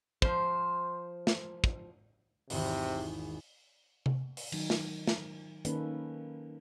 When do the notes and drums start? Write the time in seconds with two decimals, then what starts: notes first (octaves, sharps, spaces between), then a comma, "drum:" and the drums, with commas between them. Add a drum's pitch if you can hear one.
0.22 F3 C5, drum: kick
1.27 drum: snare
1.64 drum: kick
2.50 G#1 E2 C3 D#3, drum: open hi-hat
4.06 drum: tom C3
4.37 drum: open hi-hat
4.52 D#3 F#3 D#4, drum: cymbal
4.70 drum: snare
5.07 drum: snare
5.65 D#3 A#3 C#4 D#4 A4 B4, drum: hi-hat